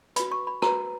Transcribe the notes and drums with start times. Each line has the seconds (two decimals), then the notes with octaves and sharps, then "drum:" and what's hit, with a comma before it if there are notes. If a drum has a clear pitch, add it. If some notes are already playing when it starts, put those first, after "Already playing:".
0.16 F#4 B4 B5, drum: hi-hat
0.31 C#6
0.47 B5
0.62 F#4 B4 A#5, drum: rim click